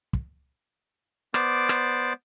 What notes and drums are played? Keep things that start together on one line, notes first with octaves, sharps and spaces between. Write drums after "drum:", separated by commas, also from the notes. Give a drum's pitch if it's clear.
drum: kick
B3 C5 D5 D6, drum: rim click
drum: rim click